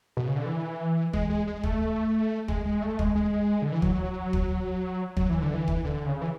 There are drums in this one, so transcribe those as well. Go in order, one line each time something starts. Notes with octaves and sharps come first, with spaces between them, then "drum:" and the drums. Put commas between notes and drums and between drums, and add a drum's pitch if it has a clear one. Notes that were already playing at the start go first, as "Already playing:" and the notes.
B2
C#3
D3
E3
G#3, drum: kick
G#3
G#3
A3, drum: kick
G#3, drum: kick
G#3
A3
G#3, drum: kick
G#3
D3
E3
F#3, drum: kick
drum: kick
F#3, drum: kick
E3
D3
E3
drum: kick
D3
C#3
E3